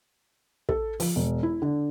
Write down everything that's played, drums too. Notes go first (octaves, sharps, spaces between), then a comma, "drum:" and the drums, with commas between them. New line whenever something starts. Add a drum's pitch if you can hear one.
A4, drum: kick
F3, drum: open hi-hat
E1
E4
D3